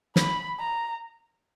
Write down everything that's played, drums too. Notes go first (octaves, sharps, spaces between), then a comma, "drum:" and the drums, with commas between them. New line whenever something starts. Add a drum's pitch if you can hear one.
B5, drum: snare
A#5